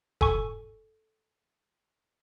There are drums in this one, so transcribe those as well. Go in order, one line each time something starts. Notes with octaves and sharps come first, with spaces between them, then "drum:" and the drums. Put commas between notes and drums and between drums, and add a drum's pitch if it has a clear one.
A4 G#5 C#6, drum: kick F1